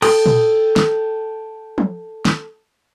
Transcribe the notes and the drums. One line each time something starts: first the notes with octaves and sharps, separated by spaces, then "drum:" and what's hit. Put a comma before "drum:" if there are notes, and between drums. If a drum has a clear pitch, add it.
A4 G5 D#6, drum: cymbal
drum: tom
drum: snare
drum: tom
drum: snare